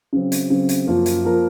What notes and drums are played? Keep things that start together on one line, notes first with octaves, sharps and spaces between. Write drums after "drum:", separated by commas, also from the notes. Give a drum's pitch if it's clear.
C#3 F#3 C4
drum: hi-hat
C#3 F#3 C4
drum: hi-hat
F#2 F3 A#3 F4 A#4
drum: hi-hat
F3 A#3 F4 A#4